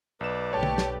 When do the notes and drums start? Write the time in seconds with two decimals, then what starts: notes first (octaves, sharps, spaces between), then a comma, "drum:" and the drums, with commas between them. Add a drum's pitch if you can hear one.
0.21 B1 B4 D5 E7
0.53 B1 A3 G4 C#5 A5
0.63 drum: tom D3
0.78 drum: snare